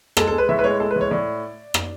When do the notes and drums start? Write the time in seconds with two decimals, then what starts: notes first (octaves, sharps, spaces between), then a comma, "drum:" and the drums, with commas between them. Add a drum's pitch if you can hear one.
0.17 G#3 A4, drum: rim click
0.27 A4
0.32 G#3
0.38 B4
0.49 A2 E5
0.59 B4
0.64 G#3 C#5
0.80 G#3 A4
0.91 B4
0.96 A2
1.01 C#5
1.11 A2 D5
1.74 drum: rim click